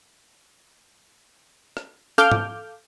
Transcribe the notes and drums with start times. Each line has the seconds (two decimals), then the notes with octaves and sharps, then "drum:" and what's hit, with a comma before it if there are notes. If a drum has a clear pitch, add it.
1.77 drum: rim click
2.18 A4 F5 D6 F6 G6, drum: snare
2.32 drum: tom G#2